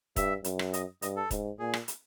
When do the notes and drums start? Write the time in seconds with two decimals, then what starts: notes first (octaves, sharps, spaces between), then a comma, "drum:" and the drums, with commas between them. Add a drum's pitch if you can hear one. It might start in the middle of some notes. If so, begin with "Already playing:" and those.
0.16 G2 E5, drum: kick E1, hi-hat
0.44 F#2, drum: hi-hat
0.59 drum: rim click
0.73 D#5, drum: hi-hat
1.02 G2 D#5, drum: hi-hat
1.16 A4
1.31 G#2, drum: kick E1, hi-hat
1.59 A#2 G#4
1.74 drum: rim click
1.88 drum: hi-hat